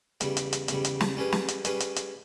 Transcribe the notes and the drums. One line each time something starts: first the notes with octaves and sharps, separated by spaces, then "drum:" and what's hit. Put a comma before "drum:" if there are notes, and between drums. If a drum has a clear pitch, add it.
E2 C#3 G3, drum: hi-hat
drum: hi-hat
drum: hi-hat
E2 C#3 G3, drum: hi-hat
drum: hi-hat
drum: snare
G3 C#4 G#4 B4
drum: snare
drum: hi-hat
G3 C#4 G#4 B4, drum: hi-hat
drum: hi-hat
drum: hi-hat